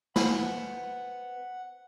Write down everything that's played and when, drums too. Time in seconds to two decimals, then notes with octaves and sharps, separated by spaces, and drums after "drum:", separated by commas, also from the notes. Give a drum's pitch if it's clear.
0.16 B3 C5 F#5 G#5 B5, drum: snare